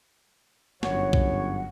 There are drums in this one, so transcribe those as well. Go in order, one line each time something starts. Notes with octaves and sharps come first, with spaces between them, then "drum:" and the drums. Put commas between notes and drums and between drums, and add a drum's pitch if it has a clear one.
G1 F#2 C#5 F#5, drum: snare
drum: kick B1